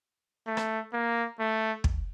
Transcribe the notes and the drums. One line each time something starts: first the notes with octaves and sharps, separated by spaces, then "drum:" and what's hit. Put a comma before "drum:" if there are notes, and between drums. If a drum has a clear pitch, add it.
A3
drum: rim click
A#3
A3
drum: kick